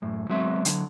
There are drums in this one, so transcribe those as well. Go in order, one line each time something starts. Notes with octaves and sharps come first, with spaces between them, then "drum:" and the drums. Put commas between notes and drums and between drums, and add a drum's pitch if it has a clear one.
F#2 A2
F#3 G#3 B3 C4 F#4 E5
D3 F#3, drum: hi-hat